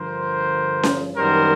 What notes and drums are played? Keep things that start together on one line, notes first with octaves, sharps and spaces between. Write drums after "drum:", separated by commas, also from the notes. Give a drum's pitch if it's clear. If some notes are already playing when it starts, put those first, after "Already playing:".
Already playing: G2 D3 F3 A#4 C5
drum: snare C#4
F#2 D#3 G3 B3 D4 A#4 C5